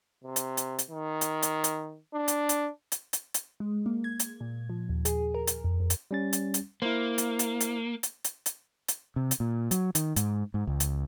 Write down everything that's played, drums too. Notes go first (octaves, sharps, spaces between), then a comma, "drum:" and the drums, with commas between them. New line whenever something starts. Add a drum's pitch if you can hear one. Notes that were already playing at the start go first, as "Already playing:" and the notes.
C3
drum: hi-hat
drum: hi-hat
drum: hi-hat
D#3
drum: hi-hat
drum: hi-hat
drum: hi-hat
D4
drum: hi-hat
drum: hi-hat
drum: hi-hat
drum: hi-hat
drum: hi-hat
G#3
A#3
G#6
drum: hi-hat
A#2
F3
D#2
G#4, drum: hi-hat
A#4
drum: hi-hat
F2
F2
drum: hi-hat
G3 C#4 A6
drum: hi-hat
drum: hi-hat
A#3 E4 C5
drum: hi-hat
drum: hi-hat
drum: hi-hat
drum: hi-hat
drum: hi-hat
drum: hi-hat
drum: hi-hat
C3
drum: hi-hat
A#2
F#3, drum: hi-hat
D#3, drum: hi-hat
G#2, drum: hi-hat
G#2
C#2
drum: hi-hat